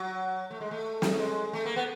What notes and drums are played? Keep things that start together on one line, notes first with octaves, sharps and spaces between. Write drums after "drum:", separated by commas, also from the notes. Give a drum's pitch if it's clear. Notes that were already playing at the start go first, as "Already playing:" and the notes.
Already playing: F#3
A3
G#3
A3
drum: snare
G#3
A3
A#3
B3